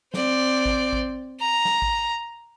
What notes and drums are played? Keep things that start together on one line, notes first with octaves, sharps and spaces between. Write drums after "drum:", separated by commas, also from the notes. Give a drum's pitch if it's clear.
C4 D5, drum: snare
drum: kick A1
drum: kick A1
A#5
drum: snare
drum: kick A1